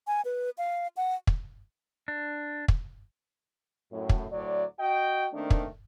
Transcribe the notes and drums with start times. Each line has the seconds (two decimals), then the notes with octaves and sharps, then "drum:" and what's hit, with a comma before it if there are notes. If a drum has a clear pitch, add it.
0.07 G#5
0.25 B4
0.58 F5
0.97 F#5
1.27 drum: kick
2.08 D4
2.68 drum: kick
3.92 F#2 A2
4.09 drum: kick
4.32 D2 A2 F#3 D5
4.79 F#4 D#5 G5
5.33 D#3 A3 A#3 C4 D4
5.50 drum: kick